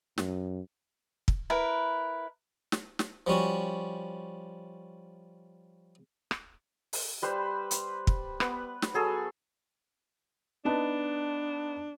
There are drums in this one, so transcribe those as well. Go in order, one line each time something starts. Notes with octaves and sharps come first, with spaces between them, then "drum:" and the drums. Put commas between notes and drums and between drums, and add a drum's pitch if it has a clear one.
F#2, drum: snare
drum: kick
E4 A#4 B4
drum: snare
drum: snare
F3 G3 C#4 F#4
drum: rim click
drum: open hi-hat
G3 B4 C5
drum: hi-hat
drum: kick
B3 B4, drum: rim click
drum: snare
F#3 G#4 A4
B3 D4 D#4 A5